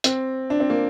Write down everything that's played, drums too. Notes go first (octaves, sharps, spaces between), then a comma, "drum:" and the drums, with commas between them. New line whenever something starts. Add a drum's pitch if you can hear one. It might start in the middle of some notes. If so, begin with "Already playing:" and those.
C4, drum: hi-hat
D4
C4
A#3